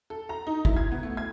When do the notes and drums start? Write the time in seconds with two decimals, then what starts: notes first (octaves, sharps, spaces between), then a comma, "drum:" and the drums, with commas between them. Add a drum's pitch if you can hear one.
0.10 A4
0.29 A#5
0.47 D#4
0.65 E4, drum: kick
0.77 G#6
0.92 B3
1.03 A3
1.17 G#6